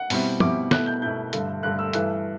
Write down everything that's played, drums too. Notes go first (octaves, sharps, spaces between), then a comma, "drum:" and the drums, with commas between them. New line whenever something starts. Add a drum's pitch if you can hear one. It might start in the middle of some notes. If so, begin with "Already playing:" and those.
Already playing: F#5
B2 G3 C4 E4, drum: open hi-hat
B2 G3 C4 E4 D6, drum: tom
B2 A3 E4 F#6, drum: snare
G6
B2 A3 E4 G6
G2 D3 A3, drum: hi-hat
G2 D3 A3 F#6
E6
G2 E3 A3 F#6, drum: hi-hat